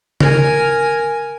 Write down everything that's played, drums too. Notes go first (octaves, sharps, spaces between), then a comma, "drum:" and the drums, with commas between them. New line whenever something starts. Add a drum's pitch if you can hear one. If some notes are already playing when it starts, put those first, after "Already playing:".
A#4 G#5, drum: tom C#3